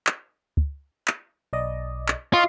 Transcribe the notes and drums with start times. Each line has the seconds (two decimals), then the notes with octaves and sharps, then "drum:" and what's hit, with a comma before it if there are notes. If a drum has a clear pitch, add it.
0.07 drum: clap
0.57 drum: kick
1.08 drum: clap
1.53 B1 D5 D#5
2.08 drum: clap
2.34 F4 D#5 C#6